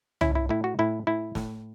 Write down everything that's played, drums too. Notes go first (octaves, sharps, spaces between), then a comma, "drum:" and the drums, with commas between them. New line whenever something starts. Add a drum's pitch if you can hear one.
C#4 E4, drum: tom C2
E4
A2 E4
F#4
A2 E4
A2 E4
A2, drum: snare